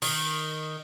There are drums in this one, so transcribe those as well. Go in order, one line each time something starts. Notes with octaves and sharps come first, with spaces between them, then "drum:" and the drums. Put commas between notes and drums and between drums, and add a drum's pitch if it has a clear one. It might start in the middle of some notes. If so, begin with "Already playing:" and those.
D#3, drum: open hi-hat